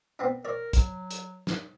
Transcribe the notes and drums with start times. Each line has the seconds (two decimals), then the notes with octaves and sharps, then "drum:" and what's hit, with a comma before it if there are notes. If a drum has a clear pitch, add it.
0.19 B3 C4 D4
0.45 A#4 C#5 D5
0.73 F#3, drum: kick, hi-hat
1.11 drum: hi-hat
1.47 drum: snare